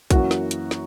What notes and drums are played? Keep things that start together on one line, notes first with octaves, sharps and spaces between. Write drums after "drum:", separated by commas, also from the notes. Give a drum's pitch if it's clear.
F#2 E3 A#3 F#4, drum: kick, hi-hat
drum: snare
drum: hi-hat
drum: snare